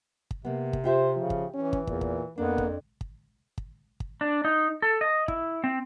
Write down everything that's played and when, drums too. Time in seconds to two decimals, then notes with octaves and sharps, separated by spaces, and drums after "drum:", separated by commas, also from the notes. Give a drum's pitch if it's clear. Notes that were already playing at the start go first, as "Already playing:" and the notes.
0.31 drum: kick
0.45 C3 A#3 B3
0.73 drum: kick
0.84 F4 G4 C5 E5
1.16 C#3 F3
1.30 drum: kick
1.54 E3 C#4
1.73 drum: kick
1.87 E2 A#2, drum: kick
2.01 drum: kick
2.38 F2 A#3 B3 D4
2.58 drum: kick
3.01 drum: kick
3.58 drum: kick
4.00 drum: kick
4.21 D4
4.45 D#4
4.82 A4
5.01 D#5
5.28 E4, drum: kick
5.64 C4